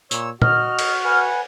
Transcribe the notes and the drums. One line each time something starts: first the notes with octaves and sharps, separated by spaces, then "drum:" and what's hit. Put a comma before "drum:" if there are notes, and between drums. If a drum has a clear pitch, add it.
A#2 C#5 E6, drum: tambourine
F#4 D#5 F6, drum: tom A#2
drum: cymbal
B4 F#5 G#5